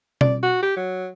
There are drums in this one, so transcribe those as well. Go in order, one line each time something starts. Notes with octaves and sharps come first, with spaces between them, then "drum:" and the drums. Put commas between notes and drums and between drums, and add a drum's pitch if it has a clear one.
D5, drum: tom B2
F#4
G4
F#3